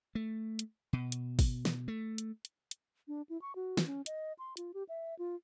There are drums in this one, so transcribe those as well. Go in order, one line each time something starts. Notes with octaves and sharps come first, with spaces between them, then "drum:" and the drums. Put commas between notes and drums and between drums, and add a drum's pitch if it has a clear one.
A3
drum: hi-hat
B2
drum: hi-hat
drum: kick, open hi-hat
drum: snare
A3
drum: hi-hat
drum: hi-hat
drum: hi-hat
D4
E4
C#6
F#4
drum: snare
C#4
D#5, drum: hi-hat
C6
F4, drum: hi-hat
G4
E5
F4